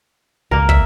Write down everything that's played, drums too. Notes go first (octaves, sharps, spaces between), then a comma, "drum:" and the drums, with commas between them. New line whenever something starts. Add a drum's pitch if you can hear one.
C#2 A#3 A#4
E5, drum: kick